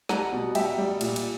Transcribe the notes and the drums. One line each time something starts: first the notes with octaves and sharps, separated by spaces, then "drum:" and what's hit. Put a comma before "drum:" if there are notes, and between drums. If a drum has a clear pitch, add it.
G3 F#5 A#5, drum: snare
B2
G3 E5 G5, drum: cymbal
G3
A#2, drum: cymbal
drum: cymbal